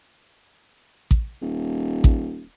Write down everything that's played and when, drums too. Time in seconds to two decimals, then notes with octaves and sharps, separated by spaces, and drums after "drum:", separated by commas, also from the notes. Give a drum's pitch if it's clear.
1.11 drum: kick A1
1.42 D#1
2.04 drum: kick A1